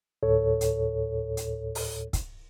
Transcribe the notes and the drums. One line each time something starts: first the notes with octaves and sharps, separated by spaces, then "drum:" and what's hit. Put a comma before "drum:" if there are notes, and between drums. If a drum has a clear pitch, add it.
D2 A2 A4 C#5
drum: hi-hat
drum: hi-hat
drum: open hi-hat
drum: kick, hi-hat